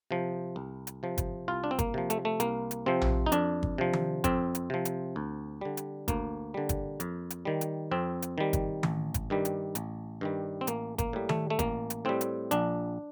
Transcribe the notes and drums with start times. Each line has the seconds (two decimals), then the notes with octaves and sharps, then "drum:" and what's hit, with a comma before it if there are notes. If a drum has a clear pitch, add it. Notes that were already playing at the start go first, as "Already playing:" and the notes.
0.11 C3 F3
0.56 C2
0.87 drum: hi-hat
1.03 C3 F3
1.18 drum: kick G1, hi-hat
1.48 C2 F4
1.64 D4
1.71 C4
1.79 A#3, drum: kick G1, hi-hat
1.94 C3 F3
2.10 A3, drum: hi-hat
2.25 A3
2.40 C2 A#3, drum: hi-hat
2.71 drum: hi-hat
2.86 C3 F3 C4
3.01 drum: tom A#1
3.26 D#4
3.32 F2 D4, drum: hi-hat
3.63 drum: kick G1
3.78 C3 F3
3.93 drum: tom D#3
4.24 F2 C4, drum: kick G1, hi-hat
4.55 drum: hi-hat
4.70 C3 F3
4.85 drum: hi-hat
5.16 D2
5.61 D3 G3
5.77 drum: hi-hat
6.08 D2 A#3, drum: kick G1, hi-hat
6.54 D3 G3
6.69 drum: kick G1, hi-hat
7.00 F2, drum: hi-hat
7.30 drum: hi-hat
7.45 D#3 G3
7.61 drum: hi-hat
7.91 F2 C4
8.22 drum: hi-hat
8.38 D#3 G3
8.53 drum: kick G1, hi-hat
8.83 A1, drum: tom D#3
9.14 drum: kick G1, hi-hat
9.30 G2 D#3 G3
9.45 drum: hi-hat
9.75 A1, drum: hi-hat
10.21 G2 D#3 G3
10.61 C4
10.67 A1 A#3, drum: hi-hat
10.98 A#3, drum: kick G1, hi-hat
11.13 A2 G3
11.29 A3, drum: tom D#3
11.50 A3
11.59 A1 A#3, drum: kick G1, hi-hat
11.90 drum: hi-hat
12.05 A2 G3 C4
12.21 drum: hi-hat
12.51 A#1 D4, drum: hi-hat